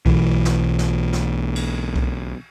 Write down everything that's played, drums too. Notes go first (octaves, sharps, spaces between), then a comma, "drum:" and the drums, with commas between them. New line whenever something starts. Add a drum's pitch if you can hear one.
B1 E3, drum: kick C2
drum: snare
drum: snare
drum: snare
drum: cymbal
drum: kick C2